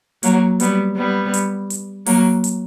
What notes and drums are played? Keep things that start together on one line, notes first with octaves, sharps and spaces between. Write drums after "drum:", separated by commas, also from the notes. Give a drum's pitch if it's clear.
F#3 A#3, drum: hi-hat
G3 B3, drum: hi-hat
G3 B3
drum: hi-hat
drum: hi-hat
F#3 A#3, drum: open hi-hat
drum: hi-hat